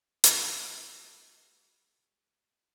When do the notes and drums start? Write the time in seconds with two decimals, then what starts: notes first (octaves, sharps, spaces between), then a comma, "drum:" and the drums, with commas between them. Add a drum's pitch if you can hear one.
0.24 G#3 F#4 E5, drum: hi-hat